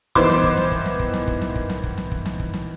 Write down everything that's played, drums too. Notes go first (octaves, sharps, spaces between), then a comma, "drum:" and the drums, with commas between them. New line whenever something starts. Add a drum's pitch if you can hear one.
D#3 E3 B3 C5 C6 D6, drum: kick
drum: snare
drum: kick
drum: snare
drum: kick
drum: snare
drum: kick
drum: snare
drum: kick
drum: snare
drum: kick
drum: snare
drum: kick
drum: snare
drum: kick
drum: snare
drum: kick
drum: snare